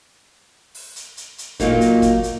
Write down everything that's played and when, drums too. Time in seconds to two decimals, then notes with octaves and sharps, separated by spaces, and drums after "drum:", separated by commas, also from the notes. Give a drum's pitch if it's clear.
0.75 drum: open hi-hat
0.96 drum: hi-hat
1.17 drum: hi-hat
1.38 drum: hi-hat
1.60 A#2 F#3 A#3 D#4, drum: kick, hi-hat
1.81 drum: hi-hat
2.02 drum: kick, hi-hat
2.23 drum: hi-hat